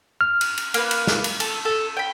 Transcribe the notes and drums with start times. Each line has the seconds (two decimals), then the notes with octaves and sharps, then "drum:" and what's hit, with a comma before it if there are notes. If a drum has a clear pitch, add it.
0.21 F6
0.41 drum: cymbal
0.57 drum: cymbal
0.74 A#3 B4, drum: cymbal
0.91 drum: cymbal
1.07 drum: snare
1.24 drum: cymbal
1.40 A4, drum: cymbal
1.65 A4
1.97 G5 B5